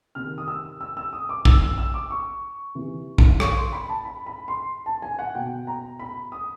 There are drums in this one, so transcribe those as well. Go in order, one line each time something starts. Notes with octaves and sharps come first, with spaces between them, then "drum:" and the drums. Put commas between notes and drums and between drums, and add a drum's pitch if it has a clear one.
C3 D#3 F6
D#6
E6
E6
E6
D#6
D6
E6, drum: kick A#1
E6
E6
D6
C#6
C3 E3
drum: kick A#1
C#6, drum: rim click
C6
B5
A5
B5
B5
C6
A5
G#5
F#5
B2 G5
A#5
B5
D#6